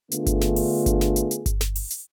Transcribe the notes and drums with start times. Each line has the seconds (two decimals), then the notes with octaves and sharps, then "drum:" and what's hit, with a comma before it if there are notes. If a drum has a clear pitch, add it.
0.12 D3 A3 B3 D4 F4 G#4, drum: hi-hat
0.26 drum: kick G1, hi-hat
0.41 drum: snare
0.56 drum: open hi-hat
0.86 drum: kick G1, hi-hat
1.01 drum: snare
1.16 drum: hi-hat
1.31 drum: hi-hat
1.46 drum: kick G1, hi-hat
1.61 drum: snare
1.76 drum: open hi-hat
1.90 drum: hi-hat